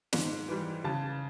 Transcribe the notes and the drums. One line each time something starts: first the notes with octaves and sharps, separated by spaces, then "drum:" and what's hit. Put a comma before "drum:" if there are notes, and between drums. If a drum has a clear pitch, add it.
G#2, drum: snare
E3 G3
C#3 A5 A6